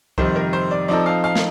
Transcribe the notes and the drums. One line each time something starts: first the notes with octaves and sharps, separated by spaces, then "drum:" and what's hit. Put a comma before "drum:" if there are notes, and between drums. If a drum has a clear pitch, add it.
F2 C3 D#3 G3 C5, drum: kick
A#4
C5
D5
F3 C4 D#4 A4 D5
F5
F5
drum: snare